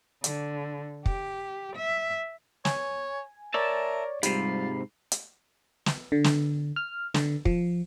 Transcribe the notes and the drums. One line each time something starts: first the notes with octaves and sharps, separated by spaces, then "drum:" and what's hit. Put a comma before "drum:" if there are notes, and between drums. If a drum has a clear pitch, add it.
D3, drum: hi-hat
G4, drum: kick
E5
C#5 G#5, drum: snare
A#4 C#5 D5 E5 A5
G#2 C3 G3 F4 B5 C7, drum: hi-hat
drum: hi-hat
drum: snare
D3
drum: snare
F6
D3, drum: snare
F3, drum: kick